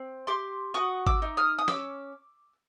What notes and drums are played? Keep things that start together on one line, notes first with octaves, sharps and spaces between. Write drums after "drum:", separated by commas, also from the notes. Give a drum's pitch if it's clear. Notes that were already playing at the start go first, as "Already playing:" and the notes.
Already playing: C4
G4 C6 D6
F#4 C#6 D#6
D6 E6, drum: kick G#1
D#4
D#6 F6
D#6
C#4 D6 E6, drum: snare